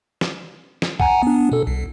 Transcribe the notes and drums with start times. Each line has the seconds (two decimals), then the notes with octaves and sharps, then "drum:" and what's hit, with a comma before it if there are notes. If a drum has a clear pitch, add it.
0.21 drum: snare
0.82 drum: snare
1.00 F#5 G#5 A#5, drum: kick
1.23 B3 D4
1.52 B2 A4
1.67 C2